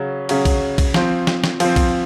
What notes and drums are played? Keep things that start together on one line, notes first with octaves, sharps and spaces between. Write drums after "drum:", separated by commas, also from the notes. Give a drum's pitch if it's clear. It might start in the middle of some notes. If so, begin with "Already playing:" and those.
Already playing: C#3 F#3 C#4
C#3 F#3 C#4, drum: cymbal
drum: kick A#1, cymbal
drum: kick A#1, cymbal
F3 C4, drum: snare
drum: snare
drum: snare
F3 C4, drum: cymbal
drum: kick A#1, cymbal